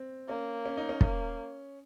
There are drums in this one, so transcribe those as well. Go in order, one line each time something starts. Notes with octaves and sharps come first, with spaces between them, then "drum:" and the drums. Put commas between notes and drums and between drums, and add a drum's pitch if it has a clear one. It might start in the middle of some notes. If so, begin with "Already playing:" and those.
Already playing: C4
A#3 C#4
C#4
D#4
C#4
A#3, drum: kick